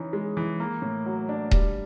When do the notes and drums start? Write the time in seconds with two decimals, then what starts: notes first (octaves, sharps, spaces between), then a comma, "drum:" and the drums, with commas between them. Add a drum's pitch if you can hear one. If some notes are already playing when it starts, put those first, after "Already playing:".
Already playing: E3 C#4 D#4
0.13 G#3
0.37 E3
0.60 A#3
0.82 A2
1.06 F#3
1.29 D4
1.51 G3, drum: kick D#1